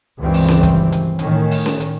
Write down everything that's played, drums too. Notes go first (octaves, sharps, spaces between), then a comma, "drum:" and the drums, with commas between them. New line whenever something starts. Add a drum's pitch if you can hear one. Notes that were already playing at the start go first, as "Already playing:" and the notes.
C#2 G2 D#3 E3 G3 C4
drum: open hi-hat
drum: snare C#4
drum: kick, hi-hat
drum: hi-hat
A2 D#3 C#4, drum: hi-hat
drum: open hi-hat
drum: snare C#4
drum: hi-hat